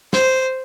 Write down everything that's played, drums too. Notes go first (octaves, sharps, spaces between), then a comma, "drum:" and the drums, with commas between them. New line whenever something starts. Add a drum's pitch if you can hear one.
C5, drum: snare